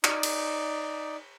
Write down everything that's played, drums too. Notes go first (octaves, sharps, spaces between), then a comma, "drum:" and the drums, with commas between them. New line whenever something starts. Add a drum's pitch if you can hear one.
D#4 D5, drum: clap
drum: cymbal